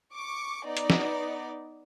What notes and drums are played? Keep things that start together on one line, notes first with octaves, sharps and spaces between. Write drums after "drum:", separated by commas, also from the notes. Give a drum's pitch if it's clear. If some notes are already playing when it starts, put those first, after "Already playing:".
C#6 D6
B3 D#4 D5
drum: hi-hat
drum: snare